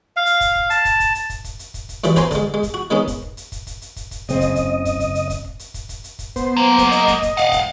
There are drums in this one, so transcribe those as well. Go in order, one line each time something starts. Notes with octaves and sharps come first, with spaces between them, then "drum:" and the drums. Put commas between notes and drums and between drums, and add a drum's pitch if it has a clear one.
F5
drum: hi-hat
drum: kick, hi-hat
drum: kick
A5, drum: hi-hat
drum: kick, hi-hat
drum: kick, hi-hat
drum: hi-hat
drum: kick, hi-hat
drum: kick, hi-hat
drum: hi-hat
drum: kick, hi-hat
drum: kick, hi-hat
F#2 E3 G3 B5, drum: hi-hat
F#4 B4 C5 G#5 A#5 C6, drum: kick, hi-hat
D3 G#3, drum: kick, hi-hat
G#3
drum: kick, hi-hat
F#4
D#3 G#3 B3 C#4 D#4
drum: kick, hi-hat
drum: kick
drum: hi-hat
drum: kick, hi-hat
drum: kick, hi-hat
drum: hi-hat
drum: kick, hi-hat
drum: kick, hi-hat
F#1 C#3 C4 D#5, drum: hi-hat
drum: kick, hi-hat
drum: kick, hi-hat
drum: kick, hi-hat
drum: kick, hi-hat
drum: hi-hat
drum: kick, hi-hat
drum: kick
drum: hi-hat
drum: kick, hi-hat
drum: kick, hi-hat
drum: hi-hat
drum: kick, hi-hat
B3 C5, drum: kick, hi-hat
F#3 A#3
drum: kick, hi-hat
D#5, drum: hi-hat
drum: kick, hi-hat
drum: kick, hi-hat
F5 F#5, drum: hi-hat
drum: kick, hi-hat